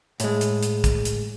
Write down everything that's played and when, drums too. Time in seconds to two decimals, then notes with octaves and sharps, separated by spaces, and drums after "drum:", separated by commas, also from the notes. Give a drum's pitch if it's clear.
0.20 A2 G#3, drum: hi-hat
0.41 drum: hi-hat
0.63 drum: hi-hat
0.84 drum: kick, hi-hat
1.05 drum: hi-hat